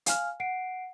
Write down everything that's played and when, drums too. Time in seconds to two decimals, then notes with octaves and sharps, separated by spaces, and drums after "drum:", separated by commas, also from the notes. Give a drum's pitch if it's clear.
0.06 F5 G#5 F6, drum: hi-hat
0.40 F#5 C7 D7